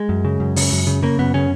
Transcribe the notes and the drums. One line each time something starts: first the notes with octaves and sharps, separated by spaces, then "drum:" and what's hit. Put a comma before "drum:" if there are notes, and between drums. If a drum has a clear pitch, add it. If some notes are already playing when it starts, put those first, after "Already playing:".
Already playing: G#3
F#2
C#3
F#2
C#3, drum: open hi-hat
F#2
C#3
C#3 A#3
F#2 B3
C#3 C#4